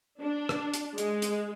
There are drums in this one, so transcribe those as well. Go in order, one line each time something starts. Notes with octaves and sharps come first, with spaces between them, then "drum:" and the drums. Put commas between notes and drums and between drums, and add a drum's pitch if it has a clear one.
D4
drum: rim click
drum: hi-hat
G#3, drum: hi-hat
drum: hi-hat